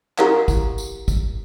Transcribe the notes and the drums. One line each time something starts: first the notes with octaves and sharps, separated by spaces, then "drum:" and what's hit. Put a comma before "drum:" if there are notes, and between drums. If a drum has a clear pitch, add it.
E4 G4 A#4 F5 F#5, drum: clap
drum: kick, tambourine
drum: tambourine
drum: kick, tambourine